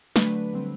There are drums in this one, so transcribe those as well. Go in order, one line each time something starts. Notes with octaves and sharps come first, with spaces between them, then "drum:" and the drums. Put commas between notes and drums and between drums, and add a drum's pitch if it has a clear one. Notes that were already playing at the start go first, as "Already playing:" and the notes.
D3 F#3 A3 D4 B4, drum: snare
D3 G3 C4